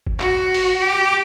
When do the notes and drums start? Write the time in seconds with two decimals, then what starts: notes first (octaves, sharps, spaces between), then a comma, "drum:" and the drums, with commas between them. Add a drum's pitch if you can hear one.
0.07 drum: kick
0.20 F#4, drum: clap
0.54 drum: open hi-hat
0.82 G4